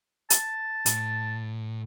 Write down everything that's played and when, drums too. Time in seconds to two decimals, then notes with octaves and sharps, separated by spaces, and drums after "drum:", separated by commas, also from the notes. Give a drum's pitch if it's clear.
0.30 A5, drum: hi-hat
0.86 A2, drum: hi-hat